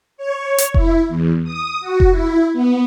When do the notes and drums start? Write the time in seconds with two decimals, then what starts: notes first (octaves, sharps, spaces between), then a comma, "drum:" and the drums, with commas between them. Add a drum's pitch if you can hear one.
0.17 C#5
0.58 drum: hi-hat
0.74 E4, drum: kick F1
1.08 E2
1.44 D#6
1.81 F#4
2.00 drum: kick F1
2.10 E4
2.53 B3